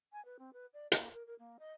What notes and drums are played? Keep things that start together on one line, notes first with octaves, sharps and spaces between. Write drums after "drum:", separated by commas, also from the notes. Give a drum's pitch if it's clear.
G#5
B4
C4
B4
D5
A#3, drum: hi-hat
A#4
A#4
A#3
D#5